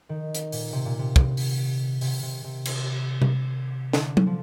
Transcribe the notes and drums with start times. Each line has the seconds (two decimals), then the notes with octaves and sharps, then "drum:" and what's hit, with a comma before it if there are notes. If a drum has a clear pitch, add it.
0.09 D#3
0.35 drum: hi-hat
0.52 A#2, drum: open hi-hat
0.73 C3
0.85 A#2
0.99 C3
1.16 drum: kick
1.37 drum: open hi-hat
2.01 C3, drum: open hi-hat
2.23 C3
2.44 C3
2.65 drum: cymbal
3.22 drum: tom C3
3.93 D3, drum: snare
4.17 drum: tom
4.27 F3